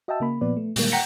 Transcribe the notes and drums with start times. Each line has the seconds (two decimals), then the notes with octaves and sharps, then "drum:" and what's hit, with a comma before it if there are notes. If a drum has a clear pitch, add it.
0.08 F#4 D#5 E5 G5 A5 E6
0.20 C#3 A#3 B5
0.41 A#2 F3 B3 B4 D5
0.57 A3
0.76 A#2 D3 D#3 G3 G#3 A#3, drum: open hi-hat
0.92 F#5 G5 A#5 A#6 B6 C#7